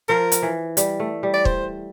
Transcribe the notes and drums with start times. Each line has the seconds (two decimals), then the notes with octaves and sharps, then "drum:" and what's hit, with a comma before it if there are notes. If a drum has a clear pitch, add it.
0.09 F3 A#4
0.32 drum: hi-hat
0.43 E3
0.77 G3, drum: hi-hat
1.00 A3
1.23 G3
1.34 D5
1.45 C5, drum: kick